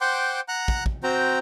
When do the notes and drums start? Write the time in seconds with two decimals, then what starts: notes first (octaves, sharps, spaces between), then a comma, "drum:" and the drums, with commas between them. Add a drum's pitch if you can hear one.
0.01 C5 F#5 G5 C6 D6
0.48 F#5 A#5 F#6
0.68 drum: kick
0.86 drum: kick
1.03 C4 F#4 C5 G5 A#5